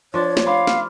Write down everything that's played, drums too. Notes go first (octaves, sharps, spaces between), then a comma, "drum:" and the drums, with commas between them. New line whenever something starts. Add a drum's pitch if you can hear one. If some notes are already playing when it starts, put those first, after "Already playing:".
F3 D4 C#5
drum: snare
F5 B5 C6 D6
F6, drum: snare